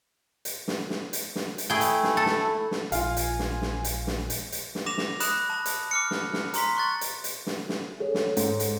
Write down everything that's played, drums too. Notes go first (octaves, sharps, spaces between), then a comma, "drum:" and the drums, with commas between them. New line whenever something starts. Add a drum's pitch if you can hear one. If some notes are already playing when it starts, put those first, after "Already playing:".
drum: hi-hat
drum: snare
drum: snare
drum: hi-hat
drum: snare
drum: hi-hat
A3 E4 G#4 G5
drum: hi-hat
drum: snare
A4
drum: snare
drum: snare
A#1 F4 F5 G#5, drum: hi-hat
drum: hi-hat
drum: snare
drum: snare
drum: hi-hat
drum: snare
drum: hi-hat
drum: hi-hat
drum: snare
D6 A#6 E7 F7
drum: snare
B5 D#6 F#6 E7, drum: hi-hat
A5 B5
drum: hi-hat
D6 F6 C#7
drum: snare
drum: snare
A#5 C6 B6, drum: hi-hat
C6 C#6 F#6 A6
drum: hi-hat
drum: hi-hat
drum: snare
drum: snare
G#4 A4 C#5
drum: snare
G#2, drum: hi-hat
drum: hi-hat